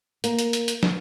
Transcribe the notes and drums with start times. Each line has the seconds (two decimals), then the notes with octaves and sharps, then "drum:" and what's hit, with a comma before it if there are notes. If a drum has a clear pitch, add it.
0.24 A#3, drum: hi-hat
0.39 drum: hi-hat
0.53 drum: hi-hat
0.68 drum: hi-hat
0.83 drum: snare